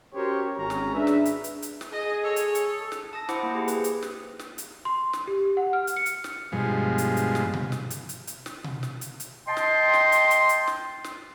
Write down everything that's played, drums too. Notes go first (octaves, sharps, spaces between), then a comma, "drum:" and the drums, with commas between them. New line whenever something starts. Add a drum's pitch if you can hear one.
C#4 F#4 G4 A#4 C5 C#5
G#1 C#4 A#5
drum: snare
D4 G#4 B4 E5
drum: snare
drum: hi-hat
drum: hi-hat
drum: hi-hat
drum: snare
G#4 D#5
A4 C#5
drum: hi-hat
drum: hi-hat
drum: snare
A5 D#6 A#6
E4 C5 F#5 D6, drum: snare
A#3
G4 G#4
G#4 B4, drum: hi-hat
drum: hi-hat
drum: snare
drum: snare
drum: hi-hat
C6
drum: snare
G4
F#5
F6
drum: hi-hat
C#7
drum: hi-hat
drum: snare
G2 B2 F3 G#3
drum: hi-hat
drum: hi-hat
drum: snare
drum: tom B2
drum: snare
drum: hi-hat
drum: hi-hat
drum: hi-hat
drum: snare
drum: tom B2
drum: snare
drum: hi-hat
drum: hi-hat
D#5 G5 A5 C6
drum: snare
drum: snare
drum: hi-hat
drum: hi-hat
drum: hi-hat
drum: snare
drum: snare